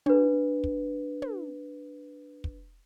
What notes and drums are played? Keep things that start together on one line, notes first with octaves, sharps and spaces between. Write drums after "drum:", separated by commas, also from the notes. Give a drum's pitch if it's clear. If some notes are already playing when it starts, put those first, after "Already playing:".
D4 B4, drum: tom
drum: kick
drum: tom
drum: kick